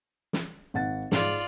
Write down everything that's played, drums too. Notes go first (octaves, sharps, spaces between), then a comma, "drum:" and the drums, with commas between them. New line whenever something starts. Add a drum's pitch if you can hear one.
drum: snare
G#1 F#5 A6
G#2 F4 D5, drum: snare